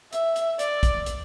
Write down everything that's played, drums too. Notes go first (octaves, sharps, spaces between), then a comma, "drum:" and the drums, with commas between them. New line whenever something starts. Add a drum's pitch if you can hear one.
E5, drum: hi-hat
drum: hi-hat
D5, drum: hi-hat
drum: kick, hi-hat
drum: hi-hat